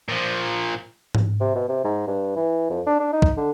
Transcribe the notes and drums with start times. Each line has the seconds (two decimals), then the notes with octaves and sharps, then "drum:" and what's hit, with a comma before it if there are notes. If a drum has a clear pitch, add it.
0.08 A#2 F3
1.15 drum: tom G#2
1.40 C3
1.55 B2
1.68 C3
1.84 G#2
2.07 G2
2.36 E3
2.70 F2
2.87 D4
3.00 D4
3.13 D#4
3.22 drum: kick
3.37 D3